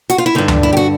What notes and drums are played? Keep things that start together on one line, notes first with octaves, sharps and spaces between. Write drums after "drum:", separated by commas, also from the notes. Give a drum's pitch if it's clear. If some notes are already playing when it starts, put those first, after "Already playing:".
F#4, drum: hi-hat
F4
E4
G2 D3 D#4
drum: tom D2
E4
G4
F#4